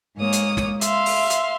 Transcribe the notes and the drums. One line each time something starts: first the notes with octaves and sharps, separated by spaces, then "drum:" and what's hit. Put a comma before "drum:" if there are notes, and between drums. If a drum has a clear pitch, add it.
G#2 G#3 A#3 C#5 D#6
drum: hi-hat
drum: snare
E5 F5 C6, drum: hi-hat
drum: open hi-hat
drum: hi-hat